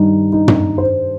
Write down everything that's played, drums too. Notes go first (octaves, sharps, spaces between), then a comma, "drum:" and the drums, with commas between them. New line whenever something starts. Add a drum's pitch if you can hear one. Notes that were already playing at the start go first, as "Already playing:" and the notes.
Already playing: G2 D#3 G3 D4 D#4
D#4
drum: tom
C5